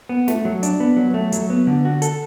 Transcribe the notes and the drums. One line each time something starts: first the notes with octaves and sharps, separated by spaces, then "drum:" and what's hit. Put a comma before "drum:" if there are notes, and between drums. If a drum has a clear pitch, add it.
B3
A3, drum: snare
F#3
D4, drum: hi-hat
B3
F#3
A3
F#3, drum: hi-hat
B3
D3
F#4
A4, drum: hi-hat